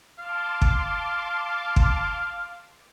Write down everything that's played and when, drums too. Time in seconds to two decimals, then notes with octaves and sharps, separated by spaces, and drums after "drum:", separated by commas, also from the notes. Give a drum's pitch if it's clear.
0.18 F5 A5 C6 D6
0.62 drum: kick
1.76 drum: kick